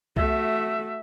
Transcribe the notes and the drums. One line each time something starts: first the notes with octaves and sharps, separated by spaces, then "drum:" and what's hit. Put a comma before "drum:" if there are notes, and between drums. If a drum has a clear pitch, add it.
A3 F#4 E5, drum: kick